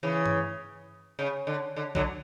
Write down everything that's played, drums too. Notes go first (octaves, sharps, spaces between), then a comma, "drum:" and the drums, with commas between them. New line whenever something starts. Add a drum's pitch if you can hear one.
C#3 E3
drum: tom G2
C#3
D3
D3
D3 F#3, drum: kick A#1